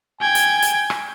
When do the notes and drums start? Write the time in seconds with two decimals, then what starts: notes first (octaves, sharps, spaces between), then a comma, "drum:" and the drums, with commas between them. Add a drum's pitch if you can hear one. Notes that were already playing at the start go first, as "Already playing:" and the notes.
0.21 G5 G#5 G#6
0.35 drum: hi-hat
0.62 drum: hi-hat
0.90 drum: rim click